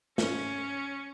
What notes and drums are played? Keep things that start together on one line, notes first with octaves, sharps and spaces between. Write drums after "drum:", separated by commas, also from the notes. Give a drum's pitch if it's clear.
C#4, drum: snare